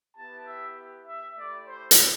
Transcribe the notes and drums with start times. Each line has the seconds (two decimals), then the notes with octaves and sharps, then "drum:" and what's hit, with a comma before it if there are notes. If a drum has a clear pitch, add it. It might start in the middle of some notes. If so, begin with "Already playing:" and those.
0.15 B3 E4 G4 A5
0.45 E5
1.06 E5
1.36 A3 E4 G4 D5
1.67 C5
1.91 drum: hi-hat